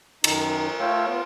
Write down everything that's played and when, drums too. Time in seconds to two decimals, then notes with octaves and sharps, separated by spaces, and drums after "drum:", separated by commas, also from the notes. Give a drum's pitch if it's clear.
0.24 F#2 D#3 D#4, drum: cymbal
0.80 A3 F4 C#5 F5 G5 E6
1.07 B3 F4